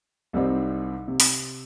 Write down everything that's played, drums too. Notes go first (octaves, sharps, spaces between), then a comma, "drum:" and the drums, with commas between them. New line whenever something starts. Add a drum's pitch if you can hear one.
C2 C3 G3 C4 D#4
C3
drum: open hi-hat